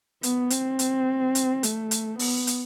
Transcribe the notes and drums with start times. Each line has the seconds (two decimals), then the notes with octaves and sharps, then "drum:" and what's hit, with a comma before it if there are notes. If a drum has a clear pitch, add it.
0.23 B3, drum: hi-hat
0.50 C4, drum: hi-hat
0.79 drum: hi-hat
1.35 drum: hi-hat
1.63 A3, drum: hi-hat
1.91 drum: hi-hat
2.19 B3, drum: open hi-hat
2.47 drum: hi-hat